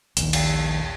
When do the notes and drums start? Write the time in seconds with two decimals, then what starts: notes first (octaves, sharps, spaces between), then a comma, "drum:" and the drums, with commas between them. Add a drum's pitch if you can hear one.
0.17 A#1 D#2, drum: hi-hat
0.33 drum: cymbal